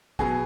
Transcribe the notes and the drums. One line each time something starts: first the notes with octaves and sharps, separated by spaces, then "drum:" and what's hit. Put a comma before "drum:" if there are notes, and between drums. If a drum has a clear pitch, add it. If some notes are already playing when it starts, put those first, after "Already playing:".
B2 F#3 B3 G#4, drum: kick